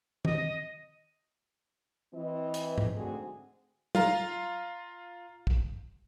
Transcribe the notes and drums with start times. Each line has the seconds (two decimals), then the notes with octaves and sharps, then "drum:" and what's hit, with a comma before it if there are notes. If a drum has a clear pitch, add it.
0.25 D#5, drum: tom
2.14 E3 C4 D#5
2.54 drum: hi-hat
2.78 drum: tom
2.94 G#2 D3 A3 C4 F#4 G#4
3.95 F4 F5 A#5, drum: tom
5.47 drum: kick